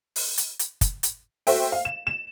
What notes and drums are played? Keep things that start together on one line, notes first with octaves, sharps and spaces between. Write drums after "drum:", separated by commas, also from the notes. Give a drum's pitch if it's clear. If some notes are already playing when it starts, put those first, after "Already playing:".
drum: open hi-hat
drum: hi-hat
drum: hi-hat
drum: kick, hi-hat
drum: hi-hat
F#4 A4 C5 E5 G5, drum: open hi-hat
F5
E7
E7